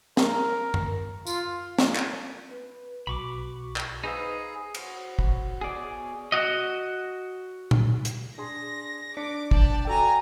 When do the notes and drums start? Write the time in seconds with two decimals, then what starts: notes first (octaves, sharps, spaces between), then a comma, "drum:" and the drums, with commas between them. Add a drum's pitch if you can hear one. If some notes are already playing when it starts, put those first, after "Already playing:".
0.17 A#4, drum: snare
0.74 drum: tom F#2
1.27 F4, drum: tambourine
1.78 drum: snare
1.95 drum: clap
2.50 B4
3.07 B1 F#4 B5 C#6 D6
3.76 drum: clap
4.04 D#4 G#4 B4 C5 F5 B5 E6
4.74 F#4 C5 B5, drum: cymbal
5.19 F#4 B5, drum: kick
5.61 B2 G#4 C#5 D5
6.32 F#4 D#5
7.71 drum: tom A#2
8.05 drum: hi-hat
8.38 D4 G#4 C6 A#6
9.17 D4 D6 B6 C#7
9.51 D5 G5 A5, drum: kick
9.85 F#4 A4 G5 G#5 A#5